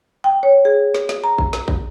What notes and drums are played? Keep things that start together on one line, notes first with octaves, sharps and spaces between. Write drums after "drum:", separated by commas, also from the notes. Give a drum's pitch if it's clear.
G5
C#5
G#4
drum: snare
drum: snare
A#5
drum: kick
drum: snare
drum: kick